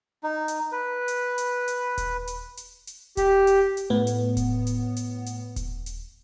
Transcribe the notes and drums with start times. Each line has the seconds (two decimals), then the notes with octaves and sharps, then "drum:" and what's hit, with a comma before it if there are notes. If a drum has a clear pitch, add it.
0.23 D#4
0.48 drum: hi-hat
0.72 B4
1.08 drum: hi-hat
1.38 drum: hi-hat
1.68 drum: hi-hat
1.98 drum: kick D#1, hi-hat
2.27 drum: hi-hat
2.57 drum: hi-hat
2.87 drum: hi-hat
3.17 G4, drum: kick D#1, hi-hat
3.47 drum: hi-hat
3.77 drum: hi-hat
3.90 A2 B3
4.07 drum: hi-hat
4.37 drum: kick D#1, hi-hat
4.67 drum: hi-hat
4.96 drum: hi-hat
5.26 drum: hi-hat
5.56 drum: kick D#1, hi-hat
5.86 drum: hi-hat